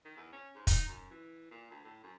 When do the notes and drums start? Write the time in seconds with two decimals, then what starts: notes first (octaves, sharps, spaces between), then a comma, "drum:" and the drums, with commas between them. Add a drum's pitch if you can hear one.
0.05 D#3
0.17 E2
0.32 C#4
0.55 G#2
0.67 D#4, drum: kick, hi-hat
0.88 F#2
1.11 E3
1.51 A#2
1.70 D2
1.84 A2
2.03 F#2